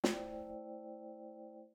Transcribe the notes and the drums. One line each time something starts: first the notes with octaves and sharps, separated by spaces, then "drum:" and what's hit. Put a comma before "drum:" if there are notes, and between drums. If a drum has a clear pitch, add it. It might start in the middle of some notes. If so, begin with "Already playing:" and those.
A3 E4 C5 D5 G5, drum: snare